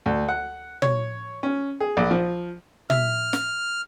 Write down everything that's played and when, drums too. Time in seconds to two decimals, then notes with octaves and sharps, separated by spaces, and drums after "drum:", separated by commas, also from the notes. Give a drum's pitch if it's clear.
0.06 D2
0.28 F#5
0.82 C#5, drum: tom
1.43 C#4
1.80 G#4
1.97 A#1
2.11 F3
2.90 E5 F6, drum: tom
3.33 drum: snare